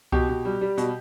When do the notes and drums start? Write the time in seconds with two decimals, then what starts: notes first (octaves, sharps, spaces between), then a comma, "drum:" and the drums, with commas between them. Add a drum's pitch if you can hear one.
0.12 B2 G4, drum: kick C2
0.29 B2
0.45 G3
0.61 G3
0.77 B2, drum: hi-hat